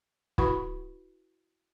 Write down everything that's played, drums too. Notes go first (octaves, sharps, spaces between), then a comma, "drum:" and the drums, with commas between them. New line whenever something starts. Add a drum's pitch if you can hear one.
E4 F#4 B4 F#5 B5 C#6, drum: kick